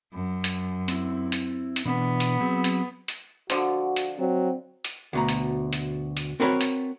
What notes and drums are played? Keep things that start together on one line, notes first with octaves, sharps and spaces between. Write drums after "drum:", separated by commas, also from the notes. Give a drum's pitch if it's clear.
F#2
drum: hi-hat
C4 E4, drum: hi-hat
drum: hi-hat
drum: hi-hat
B2 E3 B3 D4
drum: hi-hat
F#3 C4 G#4
drum: hi-hat
drum: hi-hat
D3 F3 F#4, drum: hi-hat
drum: hi-hat
F#3 C4
drum: hi-hat
D2 B2 A#5
drum: hi-hat
drum: hi-hat
drum: hi-hat
C4 F#4 A#4 B4 C#5
drum: hi-hat